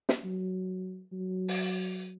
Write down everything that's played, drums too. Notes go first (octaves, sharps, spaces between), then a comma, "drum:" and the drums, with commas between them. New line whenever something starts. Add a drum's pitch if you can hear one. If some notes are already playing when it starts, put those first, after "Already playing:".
drum: snare
F#3
F#3
drum: open hi-hat